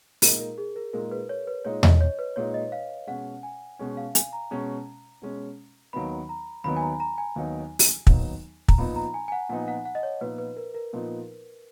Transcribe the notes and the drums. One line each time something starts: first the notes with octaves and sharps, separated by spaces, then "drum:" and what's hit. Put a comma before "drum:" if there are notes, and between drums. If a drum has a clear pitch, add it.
A#2 G#3 D#4 A#4, drum: open hi-hat
A#4
G#4
A#4
A#2 G#3 D#4 A#4
B4
C#5
B4
A#2 G#3 D#4 C#5
D#5, drum: tom E2
C#5
B4
A#2 G#3 D#4 C#5
D#5
F5
B2 G#3 C#4 F#5
G#5
B2 G#3 C#4
F5
G#5, drum: hi-hat
A#5
B2 G#3 C#4
B2 G#3 C#4
D#2 D#3 F#3 B3 D#4 B5
A#5
D#2 D#3 F#3 B3 D#4 B5
G#5
A#5
A#5
G#5
D#2 D#3 F#3 B3 D#4
drum: open hi-hat
D#2 D#3 F#3 B3 D#4, drum: kick
A#5, drum: kick
A#2 F3 B3 D#4 B5
A#5
G#5
G#5
F#5
A#2 F3 B3 D#4 F#5
F#5
F#5
D#5
C#5
A#2 F3 B3 D#4 B4
B4
A#4
A#4
A#2 F3 B3 D#4